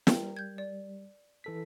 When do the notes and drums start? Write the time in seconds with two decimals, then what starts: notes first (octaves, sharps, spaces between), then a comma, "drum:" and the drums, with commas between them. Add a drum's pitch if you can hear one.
0.07 G3 A#4 G5, drum: snare
0.37 G6 G#6
0.58 D5
1.44 E3 A4 B6